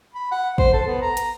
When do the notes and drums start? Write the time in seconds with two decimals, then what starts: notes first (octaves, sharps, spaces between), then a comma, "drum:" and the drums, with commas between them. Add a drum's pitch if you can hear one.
0.14 B5
0.31 F#5
0.58 C5, drum: kick
0.73 A4
0.87 B3
1.02 A#5
1.17 drum: hi-hat